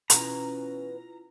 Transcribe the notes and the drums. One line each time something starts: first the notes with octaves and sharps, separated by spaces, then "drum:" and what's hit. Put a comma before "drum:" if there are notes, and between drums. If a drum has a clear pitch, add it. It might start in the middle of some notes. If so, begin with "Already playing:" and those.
B2 E3 C#4 E4 F4 A#5, drum: hi-hat